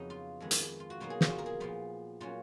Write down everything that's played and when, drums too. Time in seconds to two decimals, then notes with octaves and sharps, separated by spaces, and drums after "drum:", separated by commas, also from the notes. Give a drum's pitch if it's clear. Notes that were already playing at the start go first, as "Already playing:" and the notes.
Already playing: F2 C#3 F#3 B3 D#4
0.10 F4
0.40 F2 D#3 G#3 B3
0.51 drum: hi-hat
0.80 F4
0.90 F#4
1.00 B2 F#3 A#3 D#4 F4
1.10 G#4
1.21 F#4, drum: snare
1.30 F4
1.38 A#4
1.46 G#4
1.60 A#2 F3 B3 F4
2.20 A#2 F#3 C#4 F4